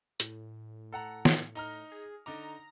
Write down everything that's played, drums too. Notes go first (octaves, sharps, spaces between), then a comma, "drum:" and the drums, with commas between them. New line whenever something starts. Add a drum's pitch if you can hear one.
A2, drum: hi-hat
A4 F#5 A#5
drum: snare
D#4 A#5 F6
G#4
D3 D#4 A#5 D6